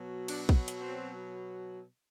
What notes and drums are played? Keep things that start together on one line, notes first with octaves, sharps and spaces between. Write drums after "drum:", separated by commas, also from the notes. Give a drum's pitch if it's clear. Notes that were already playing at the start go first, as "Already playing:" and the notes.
Already playing: B2 F#3
D4, drum: cymbal
drum: kick
drum: hi-hat
C4